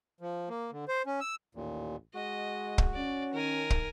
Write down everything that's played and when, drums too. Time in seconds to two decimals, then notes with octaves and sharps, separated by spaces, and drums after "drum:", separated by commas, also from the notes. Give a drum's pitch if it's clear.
0.21 F3
0.49 A#3
0.71 D3
0.88 C5
1.06 C#4
1.20 E6
1.55 A1 D#2 A#2
2.15 G#3 F#4 D#5
2.78 drum: kick
2.95 C#4 D5
3.34 D#3 A#4 G#5
3.70 drum: kick